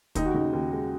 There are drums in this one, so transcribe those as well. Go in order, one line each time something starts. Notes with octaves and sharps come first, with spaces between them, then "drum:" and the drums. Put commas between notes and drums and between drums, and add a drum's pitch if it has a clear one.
D#2 D#4, drum: kick, hi-hat
F#4
C#3 D#4
D#2
G#3